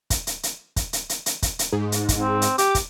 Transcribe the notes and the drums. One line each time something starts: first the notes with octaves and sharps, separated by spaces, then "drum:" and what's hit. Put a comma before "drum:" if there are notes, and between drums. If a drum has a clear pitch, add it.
drum: kick, hi-hat
drum: hi-hat
drum: hi-hat
drum: kick, hi-hat
drum: hi-hat
drum: hi-hat
drum: hi-hat
drum: kick, hi-hat
drum: hi-hat
G#2
drum: hi-hat
drum: kick, hi-hat
C4
drum: hi-hat
G4 D6, drum: hi-hat
drum: kick, hi-hat